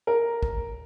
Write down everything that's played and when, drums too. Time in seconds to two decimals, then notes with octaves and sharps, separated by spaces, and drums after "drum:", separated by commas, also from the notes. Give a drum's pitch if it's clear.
0.07 A#4
0.43 drum: kick